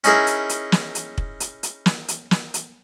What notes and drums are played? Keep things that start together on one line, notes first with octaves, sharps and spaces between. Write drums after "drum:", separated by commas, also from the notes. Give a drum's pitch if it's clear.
C#4 D#4 E4 G#4 A#4, drum: hi-hat
drum: hi-hat
drum: hi-hat
drum: snare
drum: hi-hat
drum: kick
drum: hi-hat
drum: hi-hat
drum: snare
drum: hi-hat
drum: snare
drum: hi-hat